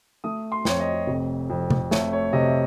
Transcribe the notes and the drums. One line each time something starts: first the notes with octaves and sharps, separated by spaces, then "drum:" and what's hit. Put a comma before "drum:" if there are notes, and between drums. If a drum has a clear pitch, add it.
A3 D#6
C6
F2 C#5, drum: snare
D#5
F1
F2
drum: tom C3
A3 C#5, drum: snare
C#5
C3 D#5